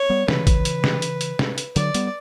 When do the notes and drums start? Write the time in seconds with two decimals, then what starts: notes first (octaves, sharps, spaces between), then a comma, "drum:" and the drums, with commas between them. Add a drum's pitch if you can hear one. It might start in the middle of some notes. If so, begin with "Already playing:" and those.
Already playing: C#5
0.10 G3 B3
0.28 C#3 E3 B4, drum: snare
0.47 drum: kick, hi-hat
0.65 drum: hi-hat
0.84 drum: snare
1.02 drum: hi-hat
1.21 drum: hi-hat
1.39 drum: snare
1.58 drum: hi-hat
1.76 D3 F#3 D5, drum: hi-hat
1.94 G3 B3, drum: hi-hat